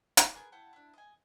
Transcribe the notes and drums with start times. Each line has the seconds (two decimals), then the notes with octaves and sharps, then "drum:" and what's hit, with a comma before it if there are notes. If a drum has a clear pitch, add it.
0.17 F#4 G#5 D6 F#6, drum: hi-hat
0.33 B3 G#4 A#4 G#5
0.52 E4 F#5 G5 A5
0.73 D4 E4
0.94 D#5 G#5